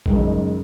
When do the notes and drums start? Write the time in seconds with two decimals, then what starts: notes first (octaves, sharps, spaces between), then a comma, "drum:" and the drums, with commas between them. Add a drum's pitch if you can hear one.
0.06 F#1 F#2 D#3 G#3, drum: kick A1